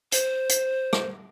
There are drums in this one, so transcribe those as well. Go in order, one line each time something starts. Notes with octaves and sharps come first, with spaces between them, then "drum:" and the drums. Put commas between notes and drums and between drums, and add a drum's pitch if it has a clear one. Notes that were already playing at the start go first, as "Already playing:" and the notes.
C5, drum: hi-hat
drum: hi-hat
drum: rim click